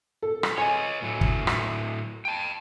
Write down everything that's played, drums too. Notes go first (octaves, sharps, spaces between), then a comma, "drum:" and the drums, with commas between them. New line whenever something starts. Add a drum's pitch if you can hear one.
A4
drum: rim click
C#5 D#5 G#5
A2 F#3 A3
drum: kick
drum: rim click
G5 A5